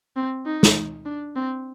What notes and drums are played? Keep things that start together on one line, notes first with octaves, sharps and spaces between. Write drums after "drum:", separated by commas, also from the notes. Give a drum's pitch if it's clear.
C4
D#4
drum: snare
D4
C4